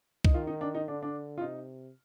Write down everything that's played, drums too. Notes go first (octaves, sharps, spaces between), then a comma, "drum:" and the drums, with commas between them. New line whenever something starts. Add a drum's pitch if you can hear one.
D#4, drum: kick C2
D#3 F4
D#4
D4
D#4
D3 D4
D4
F4
C3 D#4